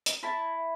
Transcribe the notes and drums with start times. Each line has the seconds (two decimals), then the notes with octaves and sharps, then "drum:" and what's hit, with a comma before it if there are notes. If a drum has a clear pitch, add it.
0.06 drum: hi-hat
0.23 E4 A5